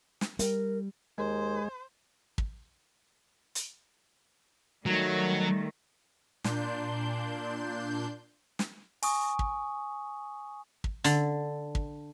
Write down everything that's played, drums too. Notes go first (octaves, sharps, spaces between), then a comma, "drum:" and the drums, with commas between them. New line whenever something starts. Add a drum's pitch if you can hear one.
drum: snare
G3 A#4, drum: hi-hat
D#2 G#3 C5
drum: kick
drum: hi-hat
D#3 F#3 G3 A3
A#2 D4 C6 G6, drum: snare
drum: snare
G#5 C#6 D#6, drum: open hi-hat
drum: kick
drum: kick
D3, drum: hi-hat
drum: kick